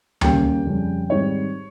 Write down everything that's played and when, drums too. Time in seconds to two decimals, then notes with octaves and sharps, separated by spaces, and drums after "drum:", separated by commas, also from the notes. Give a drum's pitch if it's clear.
0.21 D#2 C#3 G3 A#3 C#4 G5, drum: tom D2
0.65 F2 C#3 G3 C#4
1.09 G#2 D#3 G3 C4 C#5